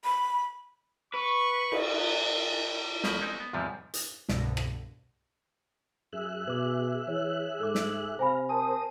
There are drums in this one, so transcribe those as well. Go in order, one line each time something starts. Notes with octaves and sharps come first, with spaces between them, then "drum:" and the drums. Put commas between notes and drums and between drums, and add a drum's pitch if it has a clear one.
B5
B4 C#6
drum: cymbal
B1 B2 F3 A#4 B4, drum: snare
G#3 C4 C#4 D#4
B3
E2 G#2 C3 F3 G3
drum: hi-hat
C2 G2 B2 D3 A#6, drum: snare
drum: rim click
F#2 G#4 E5 F#6
B2 B4 D6
E3 C#5
G#2 A4 D6
drum: snare
C3 C5 F5 G#5 A#5 B5
A#4 C5 G#5 A5 D#6